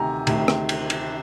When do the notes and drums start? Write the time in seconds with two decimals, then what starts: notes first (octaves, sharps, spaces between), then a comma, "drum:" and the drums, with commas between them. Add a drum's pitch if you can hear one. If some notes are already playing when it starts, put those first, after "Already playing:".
Already playing: D2 C3 D#3 G#5 A#5
0.27 D2 C3 D#3, drum: cymbal
0.48 drum: rim click
0.69 drum: cymbal
0.90 drum: cymbal